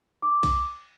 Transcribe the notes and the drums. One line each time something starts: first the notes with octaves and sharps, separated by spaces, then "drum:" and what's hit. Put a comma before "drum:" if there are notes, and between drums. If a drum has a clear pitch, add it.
D6
drum: kick B1, cymbal